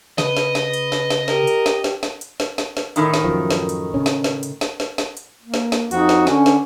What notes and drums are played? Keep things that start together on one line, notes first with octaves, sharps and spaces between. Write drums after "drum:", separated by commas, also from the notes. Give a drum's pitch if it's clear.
C#3 B4 D#5, drum: snare
drum: snare
drum: snare
drum: hi-hat
drum: snare
drum: snare
G4 A#4, drum: snare
drum: hi-hat
drum: snare
drum: snare
drum: snare
drum: hi-hat
drum: snare
drum: snare
drum: snare
A2 D#3 D#4, drum: hi-hat
drum: snare
F#2 F3
drum: snare
drum: hi-hat
C#3 C#4
drum: snare
drum: snare
drum: hi-hat
drum: snare
drum: snare
drum: snare
drum: hi-hat
A#3
drum: snare
drum: snare
F2 D#4 F#4, drum: hi-hat
drum: snare
D3 C#4, drum: snare
drum: snare